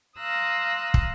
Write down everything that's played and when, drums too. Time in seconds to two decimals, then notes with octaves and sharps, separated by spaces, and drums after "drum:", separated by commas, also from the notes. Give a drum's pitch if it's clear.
0.17 F5 A#5 C6 D#6 E6 F#6
0.94 drum: kick